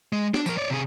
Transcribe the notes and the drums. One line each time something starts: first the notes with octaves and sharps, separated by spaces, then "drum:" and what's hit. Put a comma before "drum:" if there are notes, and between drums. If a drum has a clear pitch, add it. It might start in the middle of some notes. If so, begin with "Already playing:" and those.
G#3
D4, drum: snare
F3 A#4, drum: tambourine
C#5 D5
C3 G#4